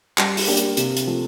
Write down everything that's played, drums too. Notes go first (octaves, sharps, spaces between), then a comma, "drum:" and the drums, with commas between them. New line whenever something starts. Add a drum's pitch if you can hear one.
G3, drum: clap
drum: open hi-hat
A#3 D4 G4
drum: hi-hat
C3, drum: hi-hat
drum: hi-hat
F3 A3